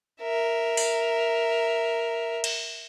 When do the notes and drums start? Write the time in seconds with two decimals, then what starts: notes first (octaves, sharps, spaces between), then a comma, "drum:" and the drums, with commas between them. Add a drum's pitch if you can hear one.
0.22 A#4 E5
0.77 drum: open hi-hat
2.44 drum: cymbal